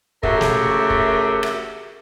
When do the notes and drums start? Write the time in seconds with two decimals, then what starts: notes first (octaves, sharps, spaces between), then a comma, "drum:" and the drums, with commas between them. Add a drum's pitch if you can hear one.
0.23 C#3 A3 F#4 G4 A#4 E5, drum: kick
0.41 drum: snare
0.90 drum: kick
1.43 drum: rim click